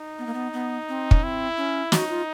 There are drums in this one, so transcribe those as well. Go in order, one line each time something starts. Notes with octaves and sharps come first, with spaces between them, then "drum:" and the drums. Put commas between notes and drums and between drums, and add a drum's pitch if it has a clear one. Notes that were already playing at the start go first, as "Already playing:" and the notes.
Already playing: D#4
B3
A#3
B3
B3
C4
C#4, drum: kick
C4 E4
C#4
D#4 F#4, drum: snare
F4